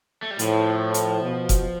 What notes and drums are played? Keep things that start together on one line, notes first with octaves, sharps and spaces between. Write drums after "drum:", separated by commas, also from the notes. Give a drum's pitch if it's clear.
A3
G3
A2 F3, drum: hi-hat
drum: hi-hat
B2
drum: kick F1, hi-hat